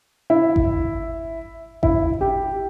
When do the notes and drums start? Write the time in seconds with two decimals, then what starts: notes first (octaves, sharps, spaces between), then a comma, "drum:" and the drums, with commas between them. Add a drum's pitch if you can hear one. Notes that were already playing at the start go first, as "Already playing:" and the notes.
0.30 E4
0.56 drum: kick G#1
1.83 E4, drum: kick G#1
2.21 G4